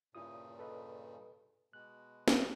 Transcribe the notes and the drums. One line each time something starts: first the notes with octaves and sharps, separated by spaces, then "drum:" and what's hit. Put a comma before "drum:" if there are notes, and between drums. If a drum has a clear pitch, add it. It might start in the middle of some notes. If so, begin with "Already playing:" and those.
G2 A#2 C#3 E4 F4 D#6
A4 B4 D#5
B2 G#3 F#6
drum: snare